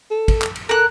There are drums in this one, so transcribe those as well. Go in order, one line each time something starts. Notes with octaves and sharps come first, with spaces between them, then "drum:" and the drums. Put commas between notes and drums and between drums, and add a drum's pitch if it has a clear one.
A4
drum: kick, cymbal
drum: clap
drum: cymbal
A4 A#4 F#6